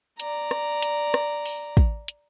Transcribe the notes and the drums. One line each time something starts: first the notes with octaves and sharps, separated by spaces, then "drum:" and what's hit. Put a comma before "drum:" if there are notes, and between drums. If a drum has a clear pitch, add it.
D5 A#5, drum: hi-hat
drum: rim click
drum: hi-hat
drum: rim click
drum: open hi-hat
drum: kick
drum: hi-hat